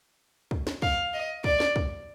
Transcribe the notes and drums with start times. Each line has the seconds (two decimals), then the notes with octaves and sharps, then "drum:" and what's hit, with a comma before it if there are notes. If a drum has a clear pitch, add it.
0.51 drum: kick
0.67 drum: snare
0.82 F5, drum: kick
1.14 D#5
1.44 D5, drum: kick
1.60 drum: snare
1.76 drum: kick